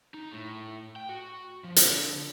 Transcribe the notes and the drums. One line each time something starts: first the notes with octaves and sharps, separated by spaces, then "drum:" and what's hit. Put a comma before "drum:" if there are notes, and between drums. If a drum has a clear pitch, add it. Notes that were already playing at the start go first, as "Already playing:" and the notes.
D#4
A2
G5
F#4
F3
D3, drum: hi-hat